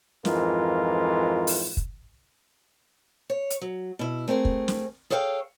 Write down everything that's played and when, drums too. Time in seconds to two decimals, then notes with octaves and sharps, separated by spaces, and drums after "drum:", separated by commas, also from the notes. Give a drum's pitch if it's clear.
0.25 F2 G#2 E3 F4 A#4, drum: snare
1.47 drum: open hi-hat
1.77 drum: kick
3.30 C#5
3.50 drum: hi-hat
3.61 F#3
3.99 B2 E4
4.28 A3 C4 G#4 A#4
4.45 drum: kick
4.68 drum: snare
5.10 G#4 A4 C#5 F5 G5